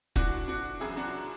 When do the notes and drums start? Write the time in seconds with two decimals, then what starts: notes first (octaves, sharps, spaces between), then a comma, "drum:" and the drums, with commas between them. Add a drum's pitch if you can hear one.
0.16 A2 E3 D4 F#4, drum: kick
0.48 D4 F#4
0.80 F#2 C#3 E3 E4 G#4
0.97 D4 F#4